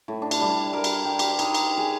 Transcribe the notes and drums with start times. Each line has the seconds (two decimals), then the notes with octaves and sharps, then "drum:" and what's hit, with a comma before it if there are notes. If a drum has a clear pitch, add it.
0.08 A2
0.22 D4
0.31 drum: cymbal
0.40 G3
0.73 A#4
0.84 drum: cymbal
1.05 G5
1.19 G4, drum: cymbal
1.39 D#4, drum: cymbal
1.55 drum: cymbal
1.77 G#4